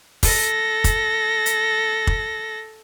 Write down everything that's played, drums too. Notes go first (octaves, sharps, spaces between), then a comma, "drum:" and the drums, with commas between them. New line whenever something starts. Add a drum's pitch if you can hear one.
A4 A#6, drum: kick, open hi-hat
drum: kick, hi-hat
drum: hi-hat
drum: kick